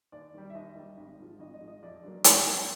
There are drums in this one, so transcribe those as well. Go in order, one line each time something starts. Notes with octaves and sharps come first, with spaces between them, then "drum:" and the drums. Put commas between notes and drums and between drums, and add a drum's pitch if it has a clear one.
D#2 D5
D#3 G3
E5
D#2 D#5
D#3 G3
G#1
G#2 F3
G#1 D#5
D#5
G#2 F3
D#5
F2 D5
D3 F#3 A#3
F2 G#5, drum: hi-hat
D3 F#3 A#3